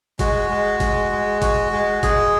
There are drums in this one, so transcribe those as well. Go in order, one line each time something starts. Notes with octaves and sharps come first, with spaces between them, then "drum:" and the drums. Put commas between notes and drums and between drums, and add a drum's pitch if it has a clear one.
G#3 F#4, drum: kick F#1, hi-hat
G#3
G#3, drum: kick F#1, hi-hat
G#3
F#4, drum: kick F#1, hi-hat
G#3
G#3 G#4, drum: kick F#1, hi-hat